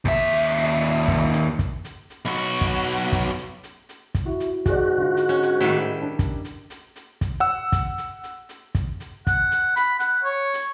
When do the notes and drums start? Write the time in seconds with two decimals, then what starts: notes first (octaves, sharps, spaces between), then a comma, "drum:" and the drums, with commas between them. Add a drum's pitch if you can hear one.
0.05 D#2 E5, drum: kick, hi-hat
0.31 drum: hi-hat
0.57 drum: hi-hat
0.82 drum: hi-hat
1.08 drum: kick, hi-hat
1.33 drum: hi-hat
1.59 drum: kick, hi-hat
1.85 drum: hi-hat
2.10 drum: hi-hat
2.25 B1 F#4
2.36 drum: hi-hat
2.61 drum: kick, hi-hat
2.87 drum: hi-hat
3.12 drum: kick, hi-hat
3.38 drum: hi-hat
3.63 drum: hi-hat
3.89 drum: hi-hat
4.15 drum: kick, hi-hat
4.26 E4 F#4
4.40 drum: hi-hat
4.66 G#2 F#4 G#4 D5, drum: kick, hi-hat
4.98 D3 F4
5.17 drum: hi-hat
5.29 C#4
5.42 drum: hi-hat
5.60 A2 D#3 G3 E4
6.02 D4
6.19 drum: kick, hi-hat
6.45 drum: hi-hat
6.70 drum: hi-hat
6.96 drum: hi-hat
7.21 drum: kick, hi-hat
7.40 F#5 E6
7.72 drum: kick, hi-hat
7.98 drum: hi-hat
8.24 drum: hi-hat
8.49 drum: hi-hat
8.75 drum: kick, hi-hat
9.00 drum: hi-hat
9.27 F#5, drum: kick, hi-hat
9.51 drum: hi-hat
9.76 B5, drum: hi-hat
10.00 F#5, drum: hi-hat
10.24 C#5
10.54 drum: hi-hat